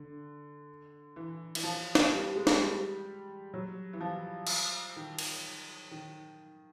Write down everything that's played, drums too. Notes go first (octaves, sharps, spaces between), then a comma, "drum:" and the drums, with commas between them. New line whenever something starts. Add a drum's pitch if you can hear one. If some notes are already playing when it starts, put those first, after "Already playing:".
Already playing: D3
E3
E3, drum: cymbal
F3
drum: snare
G3
G#3
G#3, drum: snare
G3
F#3
E3
F3
drum: cymbal
D#3
drum: cymbal
D#3